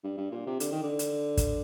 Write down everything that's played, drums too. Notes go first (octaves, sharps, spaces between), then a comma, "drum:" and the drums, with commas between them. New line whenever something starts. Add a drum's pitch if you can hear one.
G2
G2
A#2
C3
D3, drum: hi-hat
D#3
D3
drum: hi-hat
drum: kick, hi-hat